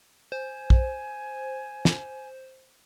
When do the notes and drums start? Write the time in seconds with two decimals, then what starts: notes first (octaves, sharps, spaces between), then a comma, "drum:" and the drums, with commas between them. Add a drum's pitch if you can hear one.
0.32 C5 G#5
0.70 drum: kick
1.85 drum: snare